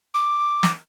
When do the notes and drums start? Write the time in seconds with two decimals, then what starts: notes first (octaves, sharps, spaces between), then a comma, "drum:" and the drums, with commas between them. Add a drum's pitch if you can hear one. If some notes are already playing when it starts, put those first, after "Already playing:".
0.14 D6
0.63 drum: snare